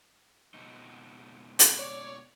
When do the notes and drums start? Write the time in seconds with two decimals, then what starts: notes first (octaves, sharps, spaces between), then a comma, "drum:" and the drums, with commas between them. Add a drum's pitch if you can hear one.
0.54 F2 B2 D#4
1.59 drum: hi-hat
1.79 C#5 D5